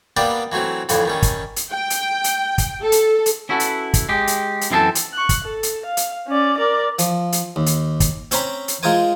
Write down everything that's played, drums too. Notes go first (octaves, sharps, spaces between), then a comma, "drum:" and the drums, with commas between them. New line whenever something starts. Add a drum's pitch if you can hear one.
G3 A#3 B3 D4 G4 D5
E3 F#3 A3 C4
F2 A2 D3 E3, drum: hi-hat
D#3 G3 C#4
drum: kick, hi-hat
drum: hi-hat
G5
drum: hi-hat
drum: hi-hat
drum: kick, hi-hat
A4
drum: hi-hat
drum: hi-hat
C#4 E4 F#4 A4 B4
drum: hi-hat
drum: kick, hi-hat
G#3 G4
drum: hi-hat
drum: hi-hat
F#2 E3 C4 G#4 A4 A5
drum: hi-hat
C#6 F#6
drum: kick, hi-hat
A4
drum: hi-hat
F5
drum: hi-hat
C#4 D5
A#4 D5
F3, drum: hi-hat
drum: hi-hat
D#2
drum: hi-hat
drum: kick, hi-hat
C4 C#4 C5 A#5 B5, drum: hi-hat
drum: hi-hat
G#3 F4 G#4 A#4 C5 G#5